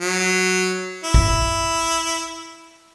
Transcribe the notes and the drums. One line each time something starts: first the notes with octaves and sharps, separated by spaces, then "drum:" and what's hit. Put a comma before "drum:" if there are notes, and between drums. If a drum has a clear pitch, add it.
F#3
E4
drum: kick